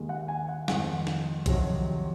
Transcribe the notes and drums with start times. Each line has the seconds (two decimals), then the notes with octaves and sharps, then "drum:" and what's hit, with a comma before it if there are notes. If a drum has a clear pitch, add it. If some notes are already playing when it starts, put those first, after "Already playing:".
Already playing: D#2 D#3 G#3
0.09 F#5
0.28 G#5
0.49 F#5
0.68 F2 D#3 G#3 F#5, drum: snare
1.07 drum: snare
1.46 F2 C3 D#3 F#3, drum: kick, hi-hat